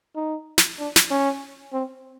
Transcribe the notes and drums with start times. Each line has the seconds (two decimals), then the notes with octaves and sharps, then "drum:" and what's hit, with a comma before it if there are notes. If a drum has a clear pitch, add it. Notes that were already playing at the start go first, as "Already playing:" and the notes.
0.16 D#4
0.58 drum: snare
0.79 D4
0.96 drum: snare
1.11 C#4
1.73 C4